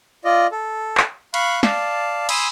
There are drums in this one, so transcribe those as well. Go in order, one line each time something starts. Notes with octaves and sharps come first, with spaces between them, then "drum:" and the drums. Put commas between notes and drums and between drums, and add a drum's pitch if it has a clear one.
F4 D5 D#5
A4
drum: clap
F5 B5 C#6 F#6, drum: cymbal
D5 F5 A5, drum: snare
G#5 B5 C6 D#6 E6, drum: cymbal